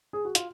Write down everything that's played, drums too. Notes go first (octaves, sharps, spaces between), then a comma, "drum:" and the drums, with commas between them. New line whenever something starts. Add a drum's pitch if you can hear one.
G#4
F#4
F4, drum: hi-hat